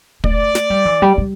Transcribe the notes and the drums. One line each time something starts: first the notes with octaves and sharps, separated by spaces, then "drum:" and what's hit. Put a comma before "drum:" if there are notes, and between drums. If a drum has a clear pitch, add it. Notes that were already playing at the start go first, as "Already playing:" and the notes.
A3 D5, drum: kick
drum: snare
G3
E3
G3
G3